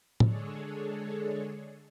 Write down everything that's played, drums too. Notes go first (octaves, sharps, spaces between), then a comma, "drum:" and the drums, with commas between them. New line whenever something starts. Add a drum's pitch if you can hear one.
D3 G#3 D4 G#4 A4 C#5, drum: tom A2